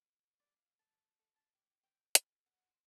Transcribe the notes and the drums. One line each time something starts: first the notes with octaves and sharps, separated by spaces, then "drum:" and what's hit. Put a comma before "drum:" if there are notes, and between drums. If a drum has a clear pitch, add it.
D5
F5
A5
A4
A5
G4
G5
G#5, drum: hi-hat
F#5
C5